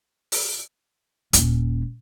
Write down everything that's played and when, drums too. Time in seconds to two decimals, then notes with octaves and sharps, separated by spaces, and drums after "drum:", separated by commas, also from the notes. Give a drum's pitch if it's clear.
0.32 drum: open hi-hat
1.33 D#1 C#4, drum: hi-hat